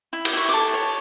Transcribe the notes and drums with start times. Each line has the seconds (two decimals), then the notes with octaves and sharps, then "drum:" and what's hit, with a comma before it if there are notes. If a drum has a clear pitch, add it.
0.13 E4
0.25 D6, drum: cymbal
0.33 E4 C#6
0.49 A4 D6
0.74 C#5